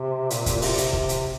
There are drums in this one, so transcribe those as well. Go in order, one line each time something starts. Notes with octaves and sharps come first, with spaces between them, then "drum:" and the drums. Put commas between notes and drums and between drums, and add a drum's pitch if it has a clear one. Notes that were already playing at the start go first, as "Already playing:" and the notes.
Already playing: C3
A#2, drum: hi-hat
drum: kick, hi-hat
A#2
C3, drum: open hi-hat
drum: hi-hat
C3, drum: kick
drum: hi-hat